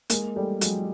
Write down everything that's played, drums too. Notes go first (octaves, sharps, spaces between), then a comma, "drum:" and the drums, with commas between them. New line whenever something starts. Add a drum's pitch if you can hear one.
G#3 A#3, drum: hi-hat
G3 A3
F#3 G#3, drum: hi-hat